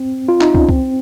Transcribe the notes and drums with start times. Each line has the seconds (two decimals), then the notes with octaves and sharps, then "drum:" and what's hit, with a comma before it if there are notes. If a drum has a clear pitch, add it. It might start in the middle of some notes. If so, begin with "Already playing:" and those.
Already playing: C4
0.28 F4
0.41 D#4, drum: clap
0.55 C#4, drum: kick
0.69 C4, drum: kick